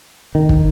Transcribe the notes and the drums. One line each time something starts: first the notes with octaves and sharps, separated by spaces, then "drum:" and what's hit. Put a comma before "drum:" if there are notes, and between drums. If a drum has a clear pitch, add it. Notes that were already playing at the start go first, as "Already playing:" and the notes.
D#3
drum: kick